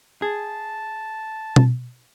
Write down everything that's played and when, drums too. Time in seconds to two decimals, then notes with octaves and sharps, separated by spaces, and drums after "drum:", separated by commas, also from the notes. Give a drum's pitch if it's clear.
0.22 G#4 A5
1.56 drum: tom B2